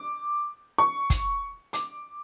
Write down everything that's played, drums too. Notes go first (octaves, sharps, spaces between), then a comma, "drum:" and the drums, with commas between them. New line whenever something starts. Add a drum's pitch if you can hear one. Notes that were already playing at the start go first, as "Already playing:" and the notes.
Already playing: D6
C#6
drum: kick, hi-hat
D6, drum: hi-hat